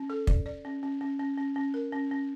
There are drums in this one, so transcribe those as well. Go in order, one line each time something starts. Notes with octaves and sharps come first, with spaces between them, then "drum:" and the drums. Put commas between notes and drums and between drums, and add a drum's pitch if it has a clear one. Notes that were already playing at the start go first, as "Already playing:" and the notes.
Already playing: C#4
A4
D5, drum: kick
D5
C#4
C#4
C#4
C#4
C#4
C#4
A#4
C#4
C#4